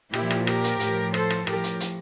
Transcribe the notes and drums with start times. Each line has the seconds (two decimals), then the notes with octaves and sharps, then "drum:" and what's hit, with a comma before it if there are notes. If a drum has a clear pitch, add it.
0.14 A#2 F3 E4 G4, drum: rim click
0.31 drum: rim click
0.47 G4 A#4, drum: rim click
0.64 drum: hi-hat
0.80 A2 F3, drum: hi-hat
1.14 A4 C5, drum: rim click
1.30 drum: rim click
1.47 A2 F3 G4 A#4, drum: rim click
1.64 drum: hi-hat
1.80 drum: hi-hat